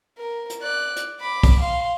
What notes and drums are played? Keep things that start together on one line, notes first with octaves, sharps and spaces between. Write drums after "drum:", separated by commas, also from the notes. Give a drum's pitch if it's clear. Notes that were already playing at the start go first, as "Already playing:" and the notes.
A#4
drum: hi-hat
D5 F#6
drum: hi-hat
B5 D6
drum: kick, open hi-hat
F5 C6